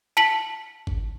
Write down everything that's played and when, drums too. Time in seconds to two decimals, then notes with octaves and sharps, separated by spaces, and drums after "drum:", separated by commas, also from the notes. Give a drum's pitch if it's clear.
0.17 A5 B6 C#7 F#7
0.87 drum: kick G1